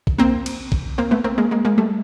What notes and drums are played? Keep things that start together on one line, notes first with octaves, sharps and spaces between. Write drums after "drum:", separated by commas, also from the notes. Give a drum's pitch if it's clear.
drum: kick A1
A#3 C4
drum: cymbal
drum: kick A1
A#3 C4
A3 B3
A#3 C4
G#3 A#3
G#3 A#3
G#3 A#3
G3 A3